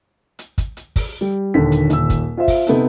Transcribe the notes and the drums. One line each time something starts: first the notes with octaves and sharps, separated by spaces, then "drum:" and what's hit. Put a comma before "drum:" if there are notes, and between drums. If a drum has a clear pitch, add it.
drum: hi-hat
drum: kick, hi-hat
drum: hi-hat
drum: kick, open hi-hat
G3
D#1 D#2 D3 B6
drum: hi-hat
D#1 E6, drum: hi-hat
drum: kick, hi-hat
F4 C5 E5
drum: kick, open hi-hat
C3 B3 D#4 A4, drum: hi-hat